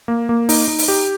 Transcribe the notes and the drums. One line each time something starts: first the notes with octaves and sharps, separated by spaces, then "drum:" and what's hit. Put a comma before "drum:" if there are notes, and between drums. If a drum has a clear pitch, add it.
A#3
A#3
D#4, drum: open hi-hat
D#4
drum: open hi-hat
G4